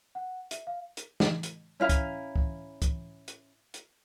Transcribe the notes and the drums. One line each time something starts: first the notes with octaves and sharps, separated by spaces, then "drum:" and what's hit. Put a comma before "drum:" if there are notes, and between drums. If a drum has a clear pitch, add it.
F#5
E5, drum: hi-hat
F5
drum: hi-hat
drum: snare
drum: hi-hat
C#4 E4 F5 A#5
drum: kick, hi-hat
drum: kick
drum: kick, hi-hat
drum: hi-hat
drum: hi-hat